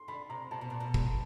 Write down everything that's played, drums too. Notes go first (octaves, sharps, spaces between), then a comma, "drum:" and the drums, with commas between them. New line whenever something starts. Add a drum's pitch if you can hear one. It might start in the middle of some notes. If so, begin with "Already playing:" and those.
Already playing: C6
D3 B5
C3 A#5
C3 A5
B2
A#2
B2
drum: kick